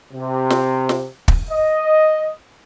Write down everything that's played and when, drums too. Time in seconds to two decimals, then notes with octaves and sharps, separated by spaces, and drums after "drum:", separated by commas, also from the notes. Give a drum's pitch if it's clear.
0.12 C3
0.50 drum: snare
0.89 drum: snare
1.28 drum: kick
1.50 D#5